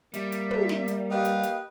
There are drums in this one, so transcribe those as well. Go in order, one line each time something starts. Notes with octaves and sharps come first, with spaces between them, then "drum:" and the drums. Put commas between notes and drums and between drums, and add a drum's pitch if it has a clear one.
G3 A#3 E5, drum: hi-hat
drum: hi-hat
drum: tom
drum: snare
drum: hi-hat
G4 B4 D#5 F5
drum: hi-hat
drum: hi-hat